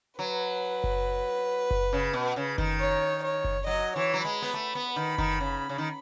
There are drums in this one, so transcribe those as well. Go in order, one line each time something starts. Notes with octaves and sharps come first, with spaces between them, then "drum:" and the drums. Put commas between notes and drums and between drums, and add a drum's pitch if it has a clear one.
F#3 B4
drum: kick F#1
drum: kick F#1
C#3
B2
C#3
D#3, drum: kick F#1
C#5
C#5
drum: kick F#1
F#3 D#5
E3 C#5
F#3
G#3 B5
B3
A3
B3
D#3
D#3, drum: kick F#1
C#3
C#3
D#3